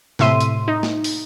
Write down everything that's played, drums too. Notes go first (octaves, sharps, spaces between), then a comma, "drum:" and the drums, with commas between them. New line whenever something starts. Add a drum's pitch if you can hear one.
A2 C3 E5 C6 D#7, drum: snare
drum: hi-hat
D#4
drum: snare
drum: open hi-hat